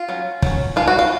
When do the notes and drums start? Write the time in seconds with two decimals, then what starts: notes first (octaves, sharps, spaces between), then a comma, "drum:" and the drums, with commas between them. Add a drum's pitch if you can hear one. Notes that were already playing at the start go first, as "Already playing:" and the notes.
Already playing: F4
0.09 F#3 C#4
0.42 F#3 C#4, drum: kick
0.76 F3 G#3 C#4 F4
0.88 F#4
0.99 F4